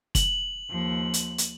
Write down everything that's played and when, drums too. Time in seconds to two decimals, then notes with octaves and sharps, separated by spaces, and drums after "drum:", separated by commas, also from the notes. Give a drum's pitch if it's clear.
0.15 F#7, drum: kick, hi-hat
0.70 D#2 F3
1.14 drum: hi-hat
1.38 drum: hi-hat